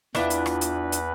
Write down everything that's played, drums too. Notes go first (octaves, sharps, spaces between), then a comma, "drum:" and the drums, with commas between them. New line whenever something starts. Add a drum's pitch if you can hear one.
E2 D4 E4 F4 B4, drum: rim click
drum: hi-hat
drum: rim click
drum: hi-hat
drum: hi-hat